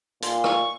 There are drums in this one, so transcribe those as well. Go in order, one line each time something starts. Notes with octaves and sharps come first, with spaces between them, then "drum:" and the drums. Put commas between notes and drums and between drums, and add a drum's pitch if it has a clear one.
A#2 C6, drum: hi-hat
C#6, drum: rim click